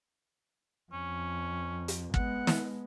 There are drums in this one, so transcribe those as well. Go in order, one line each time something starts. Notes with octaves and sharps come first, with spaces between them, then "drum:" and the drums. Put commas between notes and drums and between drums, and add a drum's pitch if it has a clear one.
F2 C#4
drum: hi-hat
G#3 B3 F#5, drum: kick
drum: snare